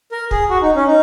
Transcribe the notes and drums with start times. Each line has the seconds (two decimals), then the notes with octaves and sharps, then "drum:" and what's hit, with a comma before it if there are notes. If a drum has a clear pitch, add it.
0.12 A#4
0.31 G#4, drum: kick
0.50 F#4
0.62 D#4
0.75 C#4
0.87 D#4